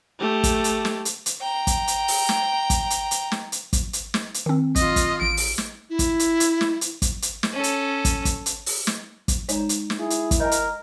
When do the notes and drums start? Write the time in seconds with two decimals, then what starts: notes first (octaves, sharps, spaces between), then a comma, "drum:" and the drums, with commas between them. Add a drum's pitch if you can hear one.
0.19 A3 G4
0.44 drum: kick, hi-hat
0.64 drum: hi-hat
0.85 drum: snare
1.05 drum: hi-hat
1.26 drum: hi-hat
1.41 G5 A#5
1.67 drum: kick, hi-hat
1.88 drum: hi-hat
2.08 drum: open hi-hat
2.29 drum: snare
2.70 drum: kick, hi-hat
2.90 drum: hi-hat
3.11 drum: hi-hat
3.32 drum: snare
3.52 drum: hi-hat
3.73 drum: kick, hi-hat
3.93 drum: hi-hat
4.14 drum: snare
4.34 drum: hi-hat
4.46 D#3 C4
4.76 F4 D#5, drum: kick, hi-hat
4.96 drum: kick, hi-hat
5.21 A1 D7
5.37 drum: open hi-hat
5.58 drum: snare
5.90 E4
5.99 drum: kick, hi-hat
6.20 drum: hi-hat
6.40 drum: hi-hat
6.61 drum: snare
6.81 drum: hi-hat
7.02 drum: kick, hi-hat
7.22 drum: hi-hat
7.43 drum: snare
7.53 C#4 A4
7.64 drum: hi-hat
8.05 drum: kick, hi-hat
8.25 drum: kick, hi-hat
8.46 drum: hi-hat
8.66 drum: open hi-hat
8.87 drum: snare
9.28 drum: kick, hi-hat
9.49 G#3 D#4 C#5 D5 A#5, drum: hi-hat
9.69 drum: hi-hat
9.90 drum: snare
9.99 E4 G#4
10.10 drum: hi-hat
10.31 drum: kick, hi-hat
10.40 A#4 D#5 G5 G#5 G6
10.52 drum: hi-hat